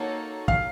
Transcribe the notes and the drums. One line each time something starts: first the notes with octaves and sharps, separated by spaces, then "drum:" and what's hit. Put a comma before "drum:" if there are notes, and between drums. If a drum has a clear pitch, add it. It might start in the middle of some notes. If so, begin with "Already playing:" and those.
Already playing: A#3 D#4 F#4 A4 C#5
F5, drum: kick